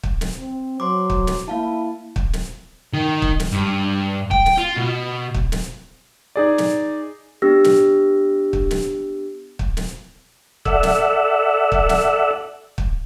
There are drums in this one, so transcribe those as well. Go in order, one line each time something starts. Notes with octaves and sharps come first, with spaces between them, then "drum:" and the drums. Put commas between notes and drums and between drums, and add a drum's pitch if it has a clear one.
drum: kick
drum: snare
C4
F#3 C5 C6 D6
drum: kick
drum: snare
A#3 E4 F5 A5
drum: kick
drum: snare
D#3
drum: kick
drum: snare
G2
G5, drum: kick
drum: snare
F4
B2
drum: kick
drum: snare
D#4 G#4 D5
drum: snare
B3 D4 G4 E6 F6 A#6
drum: snare
drum: kick
drum: snare
drum: kick
drum: snare
A4 D5 E5 F#5, drum: kick
drum: snare
drum: kick
drum: snare
drum: kick